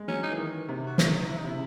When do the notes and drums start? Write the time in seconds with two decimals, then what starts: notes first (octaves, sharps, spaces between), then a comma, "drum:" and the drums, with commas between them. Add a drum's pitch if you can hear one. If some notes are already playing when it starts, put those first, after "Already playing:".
Already playing: G#3
0.08 F#3 C#4
0.23 D#4
0.32 E3
0.37 D#3
0.68 C3
0.86 F#4
0.98 E4, drum: snare
1.14 D#4
1.29 E4
1.37 D#4
1.44 C3 E4
1.51 C#3